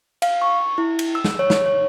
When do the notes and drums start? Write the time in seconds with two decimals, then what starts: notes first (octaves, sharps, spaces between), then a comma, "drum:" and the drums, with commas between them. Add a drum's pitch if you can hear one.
0.22 F5, drum: cymbal
0.42 C#6
0.78 E4
0.99 drum: cymbal
1.15 E6
1.24 drum: snare
1.39 C#5
1.50 drum: snare
1.66 C#5